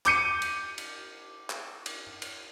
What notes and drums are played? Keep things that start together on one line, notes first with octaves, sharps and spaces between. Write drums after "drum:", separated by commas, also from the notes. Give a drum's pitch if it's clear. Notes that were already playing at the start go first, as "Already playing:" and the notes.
D6 G6 C#7 D#7, drum: clap
drum: cymbal
drum: cymbal
drum: clap
drum: cymbal
drum: cymbal